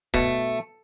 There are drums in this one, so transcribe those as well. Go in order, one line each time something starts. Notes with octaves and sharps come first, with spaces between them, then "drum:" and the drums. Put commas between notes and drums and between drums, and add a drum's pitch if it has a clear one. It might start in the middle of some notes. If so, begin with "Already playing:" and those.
B2 A3, drum: kick